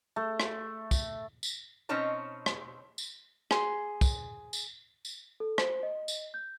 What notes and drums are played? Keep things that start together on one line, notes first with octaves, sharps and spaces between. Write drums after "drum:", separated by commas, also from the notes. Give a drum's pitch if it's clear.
A3
drum: rim click
drum: kick, tambourine
drum: tambourine
B2 C4 C#4 D#4 C#5 A5
drum: rim click
drum: tambourine
G#4 C6, drum: rim click
drum: kick, tambourine
drum: tambourine
drum: tambourine
A4
C5, drum: rim click
D#5
drum: tambourine
G6